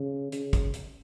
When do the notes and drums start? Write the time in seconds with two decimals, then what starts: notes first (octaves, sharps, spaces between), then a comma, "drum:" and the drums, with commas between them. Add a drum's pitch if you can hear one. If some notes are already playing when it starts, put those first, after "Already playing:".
Already playing: C#3
0.32 C#3, drum: hi-hat
0.53 drum: kick, hi-hat
0.74 drum: hi-hat